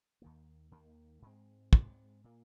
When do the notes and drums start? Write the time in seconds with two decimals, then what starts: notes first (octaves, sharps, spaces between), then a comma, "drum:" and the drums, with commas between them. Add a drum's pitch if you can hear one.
0.22 D#2 D#3 A#3
0.72 D#2 D#3 A#3
1.22 G#2 G#3 C4
1.73 G#2 G#3 C4, drum: kick
2.24 A#2 A#3